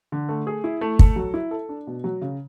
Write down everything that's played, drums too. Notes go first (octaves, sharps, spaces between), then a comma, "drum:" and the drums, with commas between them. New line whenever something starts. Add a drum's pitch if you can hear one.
D3
A3
G#4
E4
A3
A4, drum: kick
F#3
E4
A4
D4
B2
F#3
C#3